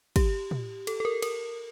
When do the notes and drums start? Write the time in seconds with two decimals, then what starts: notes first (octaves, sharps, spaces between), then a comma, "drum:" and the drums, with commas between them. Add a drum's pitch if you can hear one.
0.16 G4, drum: kick, cymbal
0.51 drum: tom
0.87 A4, drum: cymbal
1.00 A4
1.05 A#4
1.22 A#4, drum: cymbal